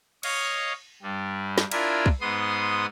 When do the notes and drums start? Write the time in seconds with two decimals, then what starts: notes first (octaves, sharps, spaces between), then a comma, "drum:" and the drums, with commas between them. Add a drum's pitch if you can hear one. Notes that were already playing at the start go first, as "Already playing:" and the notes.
0.23 C#5 D#5 F5 C#6, drum: cymbal
1.02 G2 G3
1.58 drum: snare
1.71 D4 E4 F4 A#4 E5 G#5, drum: cymbal
2.06 drum: kick
2.21 G#2 B3 C6 D#6